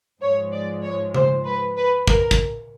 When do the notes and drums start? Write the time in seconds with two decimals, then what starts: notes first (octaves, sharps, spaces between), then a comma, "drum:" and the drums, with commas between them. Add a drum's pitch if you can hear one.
0.21 G#2 F3 G#3 C#5
0.52 D5
0.84 C#5
1.14 C5, drum: tom C#3
1.46 B4
1.76 B4
2.08 A#4, drum: kick
2.31 drum: kick, hi-hat